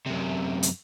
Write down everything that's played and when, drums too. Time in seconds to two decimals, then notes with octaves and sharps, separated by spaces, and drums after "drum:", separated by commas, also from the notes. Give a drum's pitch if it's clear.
0.07 F#2 C3
0.63 drum: hi-hat